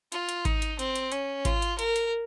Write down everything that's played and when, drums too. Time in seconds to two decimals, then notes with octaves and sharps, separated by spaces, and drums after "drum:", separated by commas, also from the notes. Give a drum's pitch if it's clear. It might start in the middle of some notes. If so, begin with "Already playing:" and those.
0.12 F4, drum: hi-hat
0.29 drum: hi-hat
0.45 D#4, drum: kick G#1, hi-hat
0.62 drum: hi-hat
0.79 C4, drum: hi-hat
0.95 drum: hi-hat
1.12 C#4, drum: hi-hat
1.45 F4, drum: kick G#1, hi-hat
1.62 drum: hi-hat
1.79 A#4, drum: hi-hat
1.96 drum: hi-hat